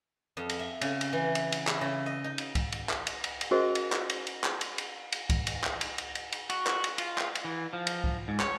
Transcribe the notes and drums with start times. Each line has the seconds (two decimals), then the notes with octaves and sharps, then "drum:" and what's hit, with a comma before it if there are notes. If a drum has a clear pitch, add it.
0.37 F2
0.49 drum: cymbal
0.59 E5
0.81 C#3, drum: cymbal
1.01 drum: cymbal
1.13 E3
1.35 drum: cymbal
1.52 drum: cymbal
1.67 E4, drum: clap
1.81 C#3
2.06 D#5
2.24 D#4
2.38 drum: cymbal
2.55 drum: kick C2, cymbal
2.72 drum: cymbal
2.90 drum: clap
3.07 drum: cymbal
3.24 drum: cymbal
3.41 drum: cymbal
3.51 C#4 F#4 G#4 A#4 C5 D#5
3.75 drum: cymbal
3.92 drum: clap
4.10 drum: cymbal
4.27 drum: cymbal
4.44 drum: clap
4.61 drum: cymbal
4.78 drum: cymbal
5.12 drum: cymbal
5.30 drum: kick C2, cymbal
5.47 drum: cymbal
5.64 drum: clap
5.81 drum: cymbal
5.98 drum: cymbal
6.15 drum: cymbal
6.32 drum: cymbal
6.50 F#4, drum: cymbal
6.67 drum: clap
6.84 drum: cymbal
6.98 F4, drum: cymbal
7.18 drum: clap
7.35 drum: cymbal
7.44 E3
7.73 F3
7.87 drum: cymbal
8.04 drum: kick C2
8.28 G#2
8.40 C#5, drum: clap